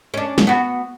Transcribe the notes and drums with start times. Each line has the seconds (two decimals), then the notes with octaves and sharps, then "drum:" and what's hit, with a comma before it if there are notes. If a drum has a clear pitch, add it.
0.14 C#4 D4
0.38 drum: snare
0.47 B3 F#4